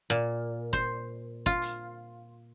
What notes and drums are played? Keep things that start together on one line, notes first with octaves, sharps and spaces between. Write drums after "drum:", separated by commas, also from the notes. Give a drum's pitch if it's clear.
A#2
C5, drum: kick G1
F4, drum: kick G1
drum: hi-hat